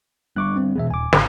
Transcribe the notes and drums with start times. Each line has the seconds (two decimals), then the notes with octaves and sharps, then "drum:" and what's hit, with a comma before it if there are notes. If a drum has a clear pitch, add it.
0.36 G3 B3 D4 C#6 D6 F#6
0.56 C4
0.76 B2 E3 B3 G#4 E5
0.91 D#1 G#5 D6
1.13 G#1, drum: snare